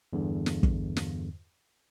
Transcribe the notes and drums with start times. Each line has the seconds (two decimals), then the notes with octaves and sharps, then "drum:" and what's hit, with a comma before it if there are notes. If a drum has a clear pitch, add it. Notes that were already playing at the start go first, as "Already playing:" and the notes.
0.13 E2 G2 D3
0.46 drum: snare
0.63 drum: kick
0.96 drum: snare